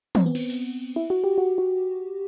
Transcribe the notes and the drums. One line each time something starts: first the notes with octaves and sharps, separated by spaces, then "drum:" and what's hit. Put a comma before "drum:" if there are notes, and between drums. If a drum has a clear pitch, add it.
C4, drum: tom
B3
C4, drum: cymbal
drum: open hi-hat
E4
F#4
G4
F#4
F#4